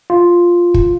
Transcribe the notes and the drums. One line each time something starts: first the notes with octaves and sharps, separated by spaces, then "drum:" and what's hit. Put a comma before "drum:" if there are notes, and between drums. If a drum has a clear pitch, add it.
F4
drum: kick